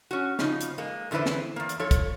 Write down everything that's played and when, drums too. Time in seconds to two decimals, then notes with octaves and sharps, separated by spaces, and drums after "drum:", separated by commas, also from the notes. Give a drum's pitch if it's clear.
0.11 C#4 F#4
0.39 C#3 F3 D#4, drum: snare
0.61 drum: hi-hat
0.78 G#3 A#3
1.11 F2 D3 E3 E4 B4 C5
1.26 drum: snare
1.56 E2 A#3
1.69 drum: hi-hat
1.79 F3 A4 C#5
1.91 drum: kick, hi-hat